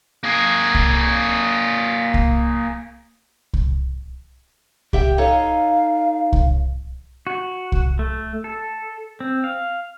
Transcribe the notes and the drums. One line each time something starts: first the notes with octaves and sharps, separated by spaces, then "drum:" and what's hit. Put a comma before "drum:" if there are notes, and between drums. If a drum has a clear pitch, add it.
A#3 G#4
drum: kick C2
drum: kick C2
drum: kick C2
G4 E5 G5, drum: kick C2
D#4 A4 C#5 F5
drum: kick C2
F#4
drum: kick C2
A3
A4
C4
F5